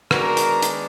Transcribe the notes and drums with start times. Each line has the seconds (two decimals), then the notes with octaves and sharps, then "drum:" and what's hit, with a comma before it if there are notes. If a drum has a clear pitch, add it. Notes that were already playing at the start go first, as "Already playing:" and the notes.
0.11 D#3 G#3 B3 D4 F#4 A#4, drum: rim click
0.37 drum: hi-hat
0.62 drum: hi-hat